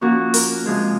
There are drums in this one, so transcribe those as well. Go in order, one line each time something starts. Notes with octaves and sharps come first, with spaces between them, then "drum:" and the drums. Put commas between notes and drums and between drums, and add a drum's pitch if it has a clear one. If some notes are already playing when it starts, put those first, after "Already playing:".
F3 A#3 C#4 F#4
A#4, drum: open hi-hat
C3 F3 G#3 G#4